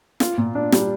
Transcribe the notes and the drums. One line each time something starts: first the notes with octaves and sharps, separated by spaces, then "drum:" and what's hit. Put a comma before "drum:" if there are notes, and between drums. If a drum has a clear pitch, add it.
F4, drum: snare
A#2
D4
G3, drum: snare